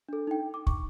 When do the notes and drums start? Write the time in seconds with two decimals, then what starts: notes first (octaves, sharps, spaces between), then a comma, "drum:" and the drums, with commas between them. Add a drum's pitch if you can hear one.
0.09 D4 A4
0.27 D#4 G5
0.54 D6
0.67 C#6, drum: kick E1